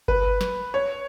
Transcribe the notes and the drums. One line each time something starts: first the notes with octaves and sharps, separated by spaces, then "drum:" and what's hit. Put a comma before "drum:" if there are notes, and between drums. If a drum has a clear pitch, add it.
B4, drum: kick G1
drum: snare
C#5